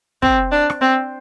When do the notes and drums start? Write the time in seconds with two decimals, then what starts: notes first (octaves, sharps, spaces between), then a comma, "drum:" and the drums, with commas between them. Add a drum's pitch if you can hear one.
0.22 C4, drum: kick
0.52 D4
0.70 drum: rim click
0.81 C4